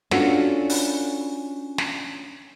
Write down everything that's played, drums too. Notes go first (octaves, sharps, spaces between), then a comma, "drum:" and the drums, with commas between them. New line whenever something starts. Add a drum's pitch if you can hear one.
C#4 D4 F4 F#4 A4 D5, drum: snare
drum: open hi-hat
drum: snare